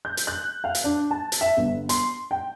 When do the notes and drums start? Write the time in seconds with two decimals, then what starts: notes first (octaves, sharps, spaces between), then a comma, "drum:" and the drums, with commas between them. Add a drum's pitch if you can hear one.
0.05 G6
0.17 drum: hi-hat
0.27 F#6
0.64 F5
0.75 drum: hi-hat
0.84 D4
1.11 A5
1.32 drum: hi-hat
1.41 E5
1.57 G1
1.89 C6, drum: hi-hat
2.31 G5